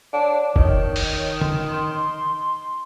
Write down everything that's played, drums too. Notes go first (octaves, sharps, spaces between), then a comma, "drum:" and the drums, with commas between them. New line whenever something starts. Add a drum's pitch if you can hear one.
D4 C#5
D#3 C#5, drum: kick
drum: open hi-hat
C6, drum: tom